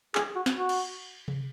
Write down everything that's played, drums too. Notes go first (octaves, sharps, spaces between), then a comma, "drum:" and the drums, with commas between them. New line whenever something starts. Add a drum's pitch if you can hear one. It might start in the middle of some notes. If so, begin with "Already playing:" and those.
G#4, drum: clap
F#4
drum: snare
F#4
drum: cymbal
drum: tom C3